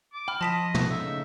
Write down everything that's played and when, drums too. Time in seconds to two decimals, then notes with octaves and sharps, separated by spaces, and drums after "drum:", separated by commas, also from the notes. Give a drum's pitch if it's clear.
0.14 D6
0.28 G5 B5 F6
0.41 F3 D#5 A5 C6 D#6 B6 E7
0.74 A3 B3, drum: tom
0.91 C#3 A3 D#4 E5